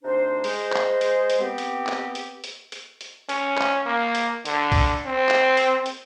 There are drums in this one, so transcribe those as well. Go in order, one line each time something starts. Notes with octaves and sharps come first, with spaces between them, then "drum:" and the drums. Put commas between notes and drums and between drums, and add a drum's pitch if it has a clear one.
D2 C3 D4 D#4 C5
G#3 C5, drum: open hi-hat
drum: clap
drum: hi-hat
drum: hi-hat
B3 C4 G4
drum: hi-hat
drum: clap
drum: hi-hat
drum: hi-hat
drum: hi-hat
drum: hi-hat
C#4, drum: hi-hat
drum: clap
A#3
drum: hi-hat
D3, drum: hi-hat
drum: kick, open hi-hat
C4
drum: clap
drum: hi-hat
drum: hi-hat